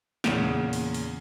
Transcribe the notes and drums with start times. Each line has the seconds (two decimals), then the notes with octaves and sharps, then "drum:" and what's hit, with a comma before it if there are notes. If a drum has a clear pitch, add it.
0.24 E2 A#2 C#3, drum: snare
0.73 drum: open hi-hat
0.94 drum: open hi-hat